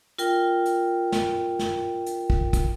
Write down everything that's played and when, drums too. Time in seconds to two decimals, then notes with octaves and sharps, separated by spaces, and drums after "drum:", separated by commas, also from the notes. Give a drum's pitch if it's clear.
0.18 F4 A#4 G5, drum: hi-hat
0.65 drum: hi-hat
1.12 drum: snare
1.59 drum: snare
2.06 drum: hi-hat
2.30 drum: kick
2.53 drum: kick, hi-hat